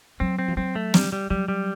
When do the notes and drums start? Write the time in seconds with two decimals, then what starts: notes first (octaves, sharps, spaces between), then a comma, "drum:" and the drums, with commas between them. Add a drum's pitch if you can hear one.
0.20 F#3 C4
0.39 C4
0.48 F3
0.57 F#3 C4
0.75 A3
0.94 G3, drum: snare
1.12 G3
1.30 F#3 G3
1.48 G3